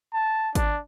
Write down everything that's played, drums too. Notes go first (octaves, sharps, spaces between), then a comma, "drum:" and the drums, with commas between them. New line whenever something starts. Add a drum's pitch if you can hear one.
A5
D4, drum: kick G#1, hi-hat